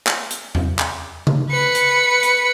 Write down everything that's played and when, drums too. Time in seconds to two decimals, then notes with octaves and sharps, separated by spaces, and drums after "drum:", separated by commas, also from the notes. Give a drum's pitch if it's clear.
0.07 drum: clap
0.31 drum: hi-hat
0.55 drum: tom E2
0.79 drum: clap
1.27 drum: tom C#3
1.51 B4 C#7
1.75 drum: hi-hat
2.23 drum: hi-hat